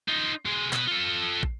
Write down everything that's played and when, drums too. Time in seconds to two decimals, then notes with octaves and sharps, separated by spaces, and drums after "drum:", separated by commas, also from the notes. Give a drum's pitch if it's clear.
0.08 D#4 F4
0.45 B1 G#3
0.73 B2 B4, drum: clap
0.88 F4 A4
1.43 drum: kick